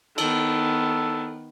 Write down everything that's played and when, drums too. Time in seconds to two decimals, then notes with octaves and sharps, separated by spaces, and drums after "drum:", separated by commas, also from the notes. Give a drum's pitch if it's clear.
0.18 D#3 B3 A4, drum: cymbal